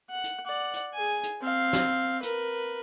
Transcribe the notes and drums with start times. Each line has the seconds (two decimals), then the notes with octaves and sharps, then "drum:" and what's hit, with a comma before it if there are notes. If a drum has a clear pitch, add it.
0.10 F#5
0.24 drum: hi-hat
0.46 D5 F#5
0.74 drum: hi-hat
0.95 G#4 G#5
1.23 drum: hi-hat
1.42 C4 F5
1.73 drum: snare
2.23 A#4 B4, drum: hi-hat